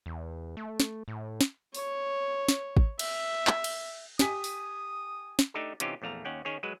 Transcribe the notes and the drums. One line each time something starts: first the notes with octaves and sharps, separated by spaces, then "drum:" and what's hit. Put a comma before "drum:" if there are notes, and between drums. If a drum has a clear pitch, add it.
E2
A3
drum: snare
A2
drum: snare
C#5, drum: open hi-hat
drum: snare
drum: kick G#1
E5, drum: cymbal
drum: clap
drum: cymbal
G4 G#5 D#6 B6, drum: snare
drum: open hi-hat
drum: snare
A3 D4 D#4 G4 A4
C3 E3 C#4 D#4 F4 G4, drum: hi-hat
A#1 E2 A3 F5 A#5
D#2 C#4 F#5 G5
D#3 C#4 G#4 C#5
F#3 G#3 B4